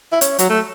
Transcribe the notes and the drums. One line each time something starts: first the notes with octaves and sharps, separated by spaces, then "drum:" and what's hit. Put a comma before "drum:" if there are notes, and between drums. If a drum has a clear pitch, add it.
E4
C#4, drum: hi-hat
F#3, drum: hi-hat
A3